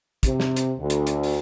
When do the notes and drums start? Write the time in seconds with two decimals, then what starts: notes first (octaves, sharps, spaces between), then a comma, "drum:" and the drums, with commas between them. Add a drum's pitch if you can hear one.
0.23 C3, drum: kick, hi-hat
0.40 drum: snare
0.56 drum: hi-hat
0.78 D2
0.90 drum: hi-hat
1.07 drum: hi-hat
1.23 drum: open hi-hat